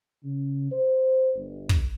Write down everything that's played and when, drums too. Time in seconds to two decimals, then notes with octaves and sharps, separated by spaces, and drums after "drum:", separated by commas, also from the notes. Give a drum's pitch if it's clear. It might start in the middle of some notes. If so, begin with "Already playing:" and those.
0.24 C#3
0.72 C5
1.35 G1
1.69 drum: kick